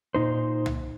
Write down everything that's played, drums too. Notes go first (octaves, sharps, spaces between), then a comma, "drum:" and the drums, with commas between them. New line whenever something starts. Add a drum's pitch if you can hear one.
A#2 D#4 C5
drum: tom